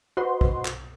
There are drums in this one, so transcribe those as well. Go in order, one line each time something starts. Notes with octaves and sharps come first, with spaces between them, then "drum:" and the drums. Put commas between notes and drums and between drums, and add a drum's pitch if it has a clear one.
F#4 B4 C5 D#5 C6
drum: kick
drum: clap